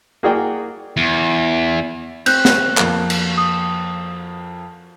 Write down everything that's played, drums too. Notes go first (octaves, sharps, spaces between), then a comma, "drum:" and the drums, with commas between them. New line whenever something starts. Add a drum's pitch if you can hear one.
A#3 F#4 G#4 D5 F#5 G5
E2
C4 F#6 G6, drum: cymbal
drum: snare
F2 A#3, drum: clap
drum: cymbal
D#6